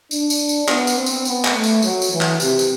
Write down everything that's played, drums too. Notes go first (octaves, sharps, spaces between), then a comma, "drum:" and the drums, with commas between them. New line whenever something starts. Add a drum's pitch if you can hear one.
D4, drum: tambourine
drum: tambourine
drum: tambourine
B3, drum: clap
drum: tambourine
C4
drum: tambourine
B3, drum: tambourine
drum: clap
A3
drum: tambourine
F#3, drum: tambourine
drum: tambourine
E3
drum: clap
C3, drum: tambourine
drum: tambourine